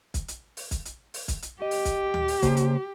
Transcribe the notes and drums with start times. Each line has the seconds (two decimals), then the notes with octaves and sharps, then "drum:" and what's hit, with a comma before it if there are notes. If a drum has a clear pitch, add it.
0.14 drum: kick, hi-hat
0.28 drum: hi-hat
0.57 drum: open hi-hat
0.71 drum: kick, hi-hat
0.85 drum: hi-hat
1.14 drum: open hi-hat
1.28 drum: kick, hi-hat
1.42 drum: hi-hat
1.62 G4 D#5
1.71 drum: open hi-hat
1.85 drum: kick, hi-hat
2.14 drum: tom D2
2.28 drum: open hi-hat
2.42 C#3 A#3 C5, drum: kick, hi-hat
2.57 drum: hi-hat